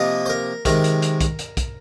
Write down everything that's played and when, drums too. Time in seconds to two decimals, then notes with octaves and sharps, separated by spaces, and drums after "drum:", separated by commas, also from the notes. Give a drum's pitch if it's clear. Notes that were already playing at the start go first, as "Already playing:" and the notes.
Already playing: C3 F3 A#3 D#5
0.26 C5
0.30 A#4
0.65 C3 D#3 G#3 A#4, drum: kick, hi-hat
0.84 drum: hi-hat
1.02 drum: hi-hat
1.21 drum: kick, hi-hat
1.39 drum: hi-hat
1.57 drum: kick, hi-hat